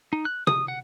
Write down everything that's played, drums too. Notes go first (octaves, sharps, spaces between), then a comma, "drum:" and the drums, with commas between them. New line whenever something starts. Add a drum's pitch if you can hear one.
D#4
F#6
D#6, drum: tom
F#5